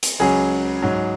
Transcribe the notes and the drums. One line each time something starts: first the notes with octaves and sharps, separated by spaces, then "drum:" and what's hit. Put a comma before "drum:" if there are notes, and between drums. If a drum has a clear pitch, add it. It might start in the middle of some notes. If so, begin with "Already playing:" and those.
drum: hi-hat
C#2 C#3 F#3 G#4
G#2 F#3